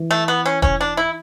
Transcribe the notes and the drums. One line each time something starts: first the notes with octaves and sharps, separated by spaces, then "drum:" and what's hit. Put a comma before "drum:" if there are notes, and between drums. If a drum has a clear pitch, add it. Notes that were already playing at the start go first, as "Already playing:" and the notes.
Already playing: E3
A3
B3
C#4
C#4, drum: kick
D4
E4